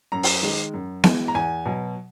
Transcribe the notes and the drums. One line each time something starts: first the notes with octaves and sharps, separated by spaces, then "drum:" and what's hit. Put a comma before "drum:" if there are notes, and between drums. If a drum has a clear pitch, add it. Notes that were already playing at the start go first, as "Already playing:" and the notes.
F#2 A#5
drum: open hi-hat
D#3 G#3
F#2
E3 G#3, drum: snare B3
A#5
E2 G#5
B2 F#3